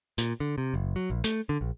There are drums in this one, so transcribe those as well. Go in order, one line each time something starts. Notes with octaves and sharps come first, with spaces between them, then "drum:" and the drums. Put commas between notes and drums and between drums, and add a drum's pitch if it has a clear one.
A#2, drum: hi-hat
D3
C3
F#1
F#3
A#1
A3, drum: hi-hat
D3
A#1